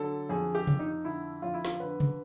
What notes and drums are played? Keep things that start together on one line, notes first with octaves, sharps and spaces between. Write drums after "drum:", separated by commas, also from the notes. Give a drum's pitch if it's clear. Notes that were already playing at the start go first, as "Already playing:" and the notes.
Already playing: D3 F#3 A4
F2 G#4
G4
F2, drum: tom C3
D#4
D3 E4
F2 F4
E4
F4, drum: snare
D3 B4
drum: tom C3